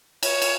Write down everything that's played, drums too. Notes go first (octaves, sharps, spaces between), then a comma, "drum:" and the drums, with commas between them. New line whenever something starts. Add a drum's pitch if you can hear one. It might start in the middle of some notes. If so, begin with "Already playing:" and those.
C#5, drum: cymbal
drum: cymbal